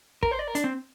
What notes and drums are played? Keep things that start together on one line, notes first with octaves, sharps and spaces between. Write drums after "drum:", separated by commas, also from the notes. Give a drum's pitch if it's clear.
A#4, drum: kick
C5
D5
A#4
D4, drum: hi-hat
C4